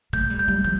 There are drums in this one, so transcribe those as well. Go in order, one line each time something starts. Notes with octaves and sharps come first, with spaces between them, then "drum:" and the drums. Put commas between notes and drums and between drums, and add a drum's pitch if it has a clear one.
A3 G6, drum: kick
G3
G6
G3
E3 G6